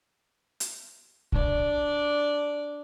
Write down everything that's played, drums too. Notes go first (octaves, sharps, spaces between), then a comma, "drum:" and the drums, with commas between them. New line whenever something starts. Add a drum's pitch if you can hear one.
drum: hi-hat
D4 D5, drum: kick